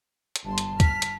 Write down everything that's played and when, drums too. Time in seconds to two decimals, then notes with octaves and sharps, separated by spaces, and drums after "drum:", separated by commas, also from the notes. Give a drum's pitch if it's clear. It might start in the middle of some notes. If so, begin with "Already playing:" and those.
0.36 drum: hi-hat
0.45 G1 A5 C6
0.58 drum: hi-hat
0.80 F6 B6, drum: kick, hi-hat
1.02 drum: hi-hat